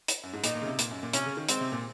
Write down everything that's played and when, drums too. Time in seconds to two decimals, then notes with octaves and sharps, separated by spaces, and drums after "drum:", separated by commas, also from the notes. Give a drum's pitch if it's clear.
0.08 drum: hi-hat
0.23 F#2
0.33 G#2
0.44 A#2 D#4, drum: hi-hat
0.55 A#2
0.62 C#3
0.67 C3
0.79 A#2, drum: hi-hat
0.91 F#2
1.03 A#2
1.13 C3 C#4, drum: hi-hat
1.26 C#3
1.37 D#3
1.49 G#3 C4, drum: hi-hat
1.61 C3
1.72 A#2